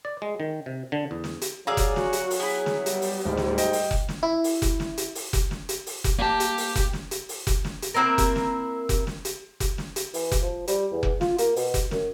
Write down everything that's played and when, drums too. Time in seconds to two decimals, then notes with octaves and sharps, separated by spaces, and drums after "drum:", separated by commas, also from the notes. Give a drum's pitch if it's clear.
0.05 D5
0.22 G#3
0.40 D#3
0.66 C3
0.92 D3
1.11 E2
1.24 drum: snare
1.42 drum: hi-hat
1.67 F#3 G#4 D5 F5 A#5 E6
1.77 drum: kick F1, hi-hat
1.96 F#4, drum: snare
2.13 drum: hi-hat
2.31 drum: open hi-hat
2.40 B3 E4 G#4
2.66 drum: snare
2.86 G3, drum: hi-hat
3.02 drum: open hi-hat
3.25 D1 G#2
3.37 drum: snare
3.58 D#5 G5, drum: hi-hat
3.73 drum: open hi-hat
3.91 drum: kick F1
4.09 drum: snare
4.23 E4
4.44 drum: open hi-hat
4.62 drum: kick F1, hi-hat
4.80 drum: snare
4.98 drum: hi-hat
5.15 drum: open hi-hat
5.33 drum: kick F1, hi-hat
5.51 drum: snare
5.69 drum: hi-hat
5.87 drum: open hi-hat
6.04 drum: kick F1, hi-hat
6.19 A#3 G4 A5
6.40 drum: hi-hat
6.58 drum: open hi-hat
6.76 drum: kick F1, hi-hat
6.93 drum: snare
7.11 drum: hi-hat
7.29 drum: open hi-hat
7.47 drum: kick F1, hi-hat
7.65 drum: snare
7.82 drum: hi-hat
7.94 A#3 C4 E4 A#4
8.18 drum: kick F1, hi-hat
8.36 drum: snare
8.89 drum: kick F1, hi-hat
9.07 drum: snare
9.25 drum: hi-hat
9.60 drum: kick F1, hi-hat
9.78 drum: snare
9.96 drum: hi-hat
10.14 E3, drum: open hi-hat
10.32 drum: kick F1, hi-hat
10.42 F3
10.68 G3, drum: hi-hat
10.92 E2
11.03 drum: kick F1
11.21 F4, drum: snare
11.38 A#3, drum: hi-hat
11.56 B2, drum: open hi-hat
11.74 drum: kick F1, hi-hat
11.91 F#2, drum: snare